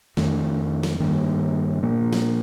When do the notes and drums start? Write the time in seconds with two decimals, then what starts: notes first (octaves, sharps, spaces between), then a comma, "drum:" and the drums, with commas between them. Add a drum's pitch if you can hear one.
0.17 F2 D#3 A3 D4, drum: snare
0.83 drum: snare
1.00 G2 D#3 A#3
1.82 A#2 F3 A#3
2.13 drum: snare